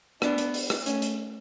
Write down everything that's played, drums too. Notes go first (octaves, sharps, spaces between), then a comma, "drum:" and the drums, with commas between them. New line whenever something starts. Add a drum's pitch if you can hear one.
B3 D4, drum: rim click
drum: hi-hat
drum: open hi-hat
drum: rim click
A3 C#4, drum: hi-hat
drum: hi-hat